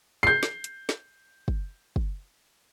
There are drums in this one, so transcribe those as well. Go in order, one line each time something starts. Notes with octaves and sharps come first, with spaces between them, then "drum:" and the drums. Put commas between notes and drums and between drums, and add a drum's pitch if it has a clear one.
G6 C7
drum: snare
drum: hi-hat
drum: snare
drum: kick
drum: kick